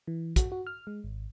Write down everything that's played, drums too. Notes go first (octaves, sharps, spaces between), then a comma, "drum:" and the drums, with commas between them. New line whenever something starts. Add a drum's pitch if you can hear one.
E3
F#4, drum: kick, hi-hat
F#4
F6
G#3
G#1